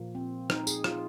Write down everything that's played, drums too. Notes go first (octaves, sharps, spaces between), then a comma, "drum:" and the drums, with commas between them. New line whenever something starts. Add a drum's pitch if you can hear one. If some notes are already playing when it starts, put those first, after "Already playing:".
Already playing: A#2 F3 A#3
C4
D#4, drum: rim click
G#4, drum: tambourine
F4, drum: rim click